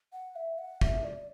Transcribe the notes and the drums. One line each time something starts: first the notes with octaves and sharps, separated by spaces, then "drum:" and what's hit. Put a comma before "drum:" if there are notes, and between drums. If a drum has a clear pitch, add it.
F#5
E5
F#5
E5, drum: kick
D5